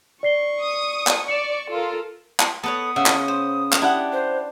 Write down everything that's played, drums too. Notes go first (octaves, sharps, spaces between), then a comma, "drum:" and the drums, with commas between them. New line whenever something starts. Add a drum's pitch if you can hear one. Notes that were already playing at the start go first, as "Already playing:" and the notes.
D5 C#6 C7 G7
D#6
drum: clap
D5 C#7 E7
F4 A4 A#4
drum: clap
B3 A4 B4 C#5 D#6
C#3 E5 F#5
drum: clap
C5
drum: clap
D4 E4 G4 F#5
C5